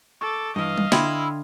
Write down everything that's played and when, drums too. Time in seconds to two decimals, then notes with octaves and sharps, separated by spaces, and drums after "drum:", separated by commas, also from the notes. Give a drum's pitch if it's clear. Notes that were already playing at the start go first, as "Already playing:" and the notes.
0.21 A4 C#6 D6
0.56 G2 E3 D#5 F5
0.78 drum: tom G3
0.92 D3 E4 G5 C6 G#6, drum: snare